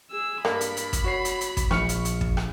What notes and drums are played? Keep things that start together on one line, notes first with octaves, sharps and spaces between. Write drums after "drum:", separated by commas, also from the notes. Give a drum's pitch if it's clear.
G#4 E6
G2 A#3 B5, drum: rim click
drum: hi-hat
drum: hi-hat
drum: kick, hi-hat
F#4 C#5 C7
drum: hi-hat
drum: hi-hat
drum: kick, hi-hat
A#1 C#6 F6 C#7, drum: rim click
drum: hi-hat
drum: hi-hat
drum: kick
drum: rim click